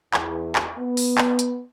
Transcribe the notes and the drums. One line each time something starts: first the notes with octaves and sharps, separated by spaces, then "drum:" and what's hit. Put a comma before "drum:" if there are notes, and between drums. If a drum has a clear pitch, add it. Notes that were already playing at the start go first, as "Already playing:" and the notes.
E2, drum: clap
drum: clap
B3
drum: open hi-hat
drum: clap
drum: hi-hat